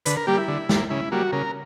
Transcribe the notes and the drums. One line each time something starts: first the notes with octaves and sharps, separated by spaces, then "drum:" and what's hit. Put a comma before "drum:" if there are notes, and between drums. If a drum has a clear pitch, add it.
D3 B4, drum: hi-hat
A#4
G3 A#3 G4
E4
D3
G3 A#3, drum: snare
C#3 E4
G3 A#3 F#4
C#3 A#4